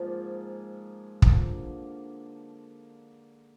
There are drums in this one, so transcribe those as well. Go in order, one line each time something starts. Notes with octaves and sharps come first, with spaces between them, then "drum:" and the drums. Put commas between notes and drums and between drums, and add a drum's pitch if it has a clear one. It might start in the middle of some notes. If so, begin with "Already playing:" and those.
Already playing: G#2 F3 A#3
D3 F3 A#3 D4, drum: kick